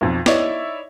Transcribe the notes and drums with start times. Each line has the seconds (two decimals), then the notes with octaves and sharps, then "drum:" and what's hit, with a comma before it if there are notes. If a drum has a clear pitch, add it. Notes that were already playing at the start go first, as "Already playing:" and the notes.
0.01 B1 F2
0.26 D#4 E4 C#5 D5 E5, drum: snare